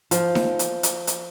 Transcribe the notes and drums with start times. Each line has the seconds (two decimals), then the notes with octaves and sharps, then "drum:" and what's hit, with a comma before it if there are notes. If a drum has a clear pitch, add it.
0.11 F3, drum: hi-hat
0.35 drum: snare D#4
0.59 drum: hi-hat
0.83 drum: hi-hat
1.07 drum: hi-hat